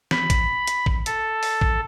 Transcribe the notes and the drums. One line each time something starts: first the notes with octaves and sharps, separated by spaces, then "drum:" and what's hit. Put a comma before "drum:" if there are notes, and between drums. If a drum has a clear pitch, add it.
B5, drum: snare
drum: kick, hi-hat
drum: hi-hat
drum: kick
A4, drum: hi-hat
drum: open hi-hat
drum: kick